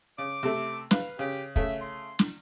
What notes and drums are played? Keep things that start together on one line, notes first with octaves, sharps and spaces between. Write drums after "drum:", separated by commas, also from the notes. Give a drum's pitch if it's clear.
C#3 D6
C3 A3
B4 F5, drum: snare
C#3 G4
C#3 A3 E5, drum: kick
C6
drum: snare